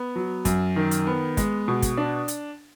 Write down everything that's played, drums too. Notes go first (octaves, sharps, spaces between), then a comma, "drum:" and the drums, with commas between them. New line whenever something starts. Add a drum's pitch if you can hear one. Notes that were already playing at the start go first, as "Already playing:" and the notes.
Already playing: B3
F#3
F#2, drum: kick, hi-hat
D#3
drum: hi-hat
B3
G#3, drum: kick, hi-hat
B2
drum: kick, hi-hat
D4
drum: hi-hat